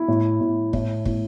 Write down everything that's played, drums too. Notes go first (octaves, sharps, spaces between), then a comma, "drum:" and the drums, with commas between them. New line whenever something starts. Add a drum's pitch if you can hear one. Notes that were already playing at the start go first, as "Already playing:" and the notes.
Already playing: E4
A2
A2
A2, drum: kick
A2, drum: kick